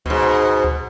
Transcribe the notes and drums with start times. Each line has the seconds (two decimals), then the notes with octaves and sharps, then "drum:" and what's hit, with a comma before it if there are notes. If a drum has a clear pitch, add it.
0.06 G#2 B2, drum: kick D2
0.64 drum: kick D2